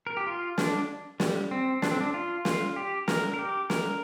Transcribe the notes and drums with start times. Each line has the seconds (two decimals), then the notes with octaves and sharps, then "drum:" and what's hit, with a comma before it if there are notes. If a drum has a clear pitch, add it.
0.07 A#4
0.17 G4
0.27 F4
0.58 D4, drum: snare
1.20 G3, drum: snare
1.51 C4
1.82 D4, drum: snare
1.91 C4
2.01 D4
2.14 F4
2.45 F4, drum: snare
2.76 G4
3.08 A#4, drum: snare
3.34 A#4
3.39 G4
3.70 A#4, drum: snare